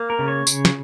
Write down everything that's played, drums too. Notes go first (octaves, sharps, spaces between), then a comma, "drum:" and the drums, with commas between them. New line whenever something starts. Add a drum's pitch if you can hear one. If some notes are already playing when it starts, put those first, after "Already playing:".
Already playing: A#3
A#4
C#3
C#5
C#3, drum: tambourine
drum: snare